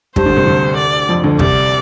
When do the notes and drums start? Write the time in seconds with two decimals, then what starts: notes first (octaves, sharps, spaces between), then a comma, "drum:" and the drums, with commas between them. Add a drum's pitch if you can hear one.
0.16 G2 G3 C5, drum: kick
0.26 D2 D3
0.36 C2 C3
0.46 D2 D3
0.77 D5
1.09 F2 F3
1.24 D2 D3
1.39 C2 C3 D5, drum: kick